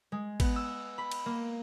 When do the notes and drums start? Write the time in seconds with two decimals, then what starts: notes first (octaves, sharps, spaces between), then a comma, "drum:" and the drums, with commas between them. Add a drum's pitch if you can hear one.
0.12 G#3
0.40 B3, drum: kick, cymbal
0.56 E6
0.98 B5
1.11 drum: cymbal
1.26 A#3